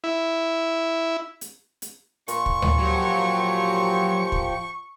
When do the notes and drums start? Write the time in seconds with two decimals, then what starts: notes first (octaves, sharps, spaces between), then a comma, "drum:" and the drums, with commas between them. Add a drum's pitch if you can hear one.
0.04 E4
1.41 drum: hi-hat
1.82 drum: hi-hat
2.28 A#2 C#6, drum: hi-hat
2.46 drum: kick
2.62 drum: tom D2
2.79 F3 F#3 F#4 G4
4.32 drum: kick